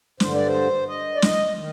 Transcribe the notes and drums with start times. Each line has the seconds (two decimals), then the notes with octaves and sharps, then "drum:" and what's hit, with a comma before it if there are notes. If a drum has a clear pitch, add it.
0.20 G2 D3 C5, drum: snare
0.34 D5
0.47 C5
0.88 D#5
1.15 D5
1.22 D#5, drum: snare
1.56 D#3